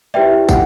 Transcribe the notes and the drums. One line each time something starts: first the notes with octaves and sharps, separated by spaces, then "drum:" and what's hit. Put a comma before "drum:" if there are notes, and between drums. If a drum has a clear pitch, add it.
E4 G4 B4 D5 E5 G5
F#5, drum: kick, tambourine